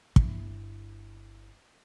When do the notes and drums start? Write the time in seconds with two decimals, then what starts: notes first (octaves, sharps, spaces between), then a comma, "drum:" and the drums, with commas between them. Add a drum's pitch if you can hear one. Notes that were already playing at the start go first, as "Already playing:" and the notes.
0.16 G1 E4, drum: kick